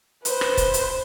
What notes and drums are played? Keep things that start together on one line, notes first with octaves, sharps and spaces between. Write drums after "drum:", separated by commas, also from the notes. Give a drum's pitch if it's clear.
B4 C5, drum: hi-hat
drum: rim click
drum: kick, hi-hat
drum: hi-hat